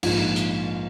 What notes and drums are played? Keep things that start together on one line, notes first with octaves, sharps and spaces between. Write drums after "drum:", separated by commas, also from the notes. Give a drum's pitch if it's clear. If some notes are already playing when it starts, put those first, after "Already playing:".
A#1 G#2 F3, drum: cymbal
drum: hi-hat